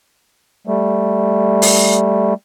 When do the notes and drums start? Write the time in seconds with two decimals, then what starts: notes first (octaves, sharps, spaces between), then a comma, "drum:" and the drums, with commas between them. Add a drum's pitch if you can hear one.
0.67 G3 A3
1.62 drum: open hi-hat